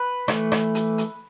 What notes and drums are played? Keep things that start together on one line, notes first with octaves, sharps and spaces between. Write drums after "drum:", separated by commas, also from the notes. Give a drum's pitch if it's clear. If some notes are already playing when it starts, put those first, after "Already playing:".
Already playing: B4
E3 A3, drum: rim click
drum: rim click
drum: hi-hat
drum: hi-hat